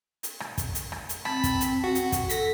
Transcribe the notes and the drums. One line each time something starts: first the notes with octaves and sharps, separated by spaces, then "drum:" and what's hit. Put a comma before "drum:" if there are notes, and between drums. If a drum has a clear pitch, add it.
drum: hi-hat
drum: rim click
drum: kick, hi-hat
drum: hi-hat
drum: rim click
drum: hi-hat
C4 A5 B5 B6, drum: rim click
drum: kick, hi-hat
drum: hi-hat
F#4
drum: hi-hat
drum: kick, hi-hat
A4 A#6 B6, drum: hi-hat